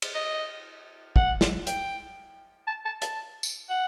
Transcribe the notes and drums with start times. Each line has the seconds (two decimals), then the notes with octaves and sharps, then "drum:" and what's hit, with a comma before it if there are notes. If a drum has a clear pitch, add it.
0.02 drum: cymbal
0.15 D#5
1.16 F#5, drum: kick
1.41 drum: snare
1.67 G5, drum: hi-hat
2.67 A5
2.85 A5
3.02 A5, drum: hi-hat
3.43 drum: tambourine
3.69 F#5